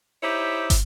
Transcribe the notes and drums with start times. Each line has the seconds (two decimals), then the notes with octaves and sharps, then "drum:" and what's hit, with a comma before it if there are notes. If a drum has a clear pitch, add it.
0.22 D#4 E4 G4 C5 C#5
0.70 drum: kick, hi-hat